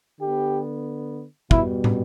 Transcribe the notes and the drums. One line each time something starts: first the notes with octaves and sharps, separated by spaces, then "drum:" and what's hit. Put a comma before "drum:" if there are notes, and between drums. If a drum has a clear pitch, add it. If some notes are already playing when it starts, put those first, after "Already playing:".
D3 B3 G4
B2 G3 B3 E4, drum: kick
drum: tom